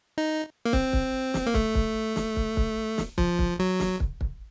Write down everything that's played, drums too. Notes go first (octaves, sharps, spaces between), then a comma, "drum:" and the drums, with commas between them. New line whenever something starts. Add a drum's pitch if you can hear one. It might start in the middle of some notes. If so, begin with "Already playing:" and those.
D#4
A#3
C4, drum: kick
drum: kick
drum: snare
A#3
A3, drum: kick
drum: kick
drum: snare
drum: kick
drum: kick
drum: snare
F3, drum: kick
drum: kick
F#3
drum: snare
drum: kick
drum: kick